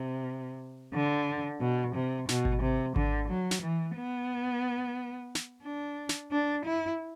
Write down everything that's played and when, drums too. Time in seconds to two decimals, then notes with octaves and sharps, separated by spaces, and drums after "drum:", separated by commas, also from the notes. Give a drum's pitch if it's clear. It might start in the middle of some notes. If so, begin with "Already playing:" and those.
Already playing: C3
0.94 D3
1.60 B2
1.95 C3
2.29 B2, drum: snare
2.45 drum: kick G#1
2.62 C3
2.96 D3, drum: kick G#1
3.29 F#3
3.51 drum: snare
3.62 E3
3.96 B3
5.35 drum: snare
5.63 D4
6.09 drum: snare
6.31 D4
6.65 E4